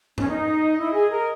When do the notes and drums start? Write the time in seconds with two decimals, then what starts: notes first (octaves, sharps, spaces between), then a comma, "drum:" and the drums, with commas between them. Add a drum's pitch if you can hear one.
0.18 C#4, drum: tom G#2
0.28 D#4 D#5
0.78 E4
0.94 G#4
1.11 A#4